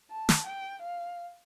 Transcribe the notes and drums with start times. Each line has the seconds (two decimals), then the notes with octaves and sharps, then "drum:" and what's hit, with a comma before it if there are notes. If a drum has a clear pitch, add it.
0.11 A5
0.29 drum: snare
0.47 G5
0.82 F5